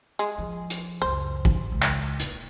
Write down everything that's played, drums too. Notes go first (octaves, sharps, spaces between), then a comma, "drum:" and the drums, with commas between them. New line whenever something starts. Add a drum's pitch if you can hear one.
G#3
F3
drum: hi-hat
C#2 F#2 C5
drum: kick A1
C#2
drum: clap
D#1, drum: hi-hat